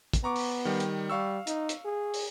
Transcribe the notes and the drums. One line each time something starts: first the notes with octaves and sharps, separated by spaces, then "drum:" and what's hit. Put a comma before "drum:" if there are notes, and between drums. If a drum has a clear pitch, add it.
drum: kick, hi-hat
B3 A#5 C#6 D6
drum: open hi-hat
D#3 G3
drum: hi-hat
G3 F5 C#6 E6
D#4, drum: hi-hat
drum: hi-hat
G#4
drum: open hi-hat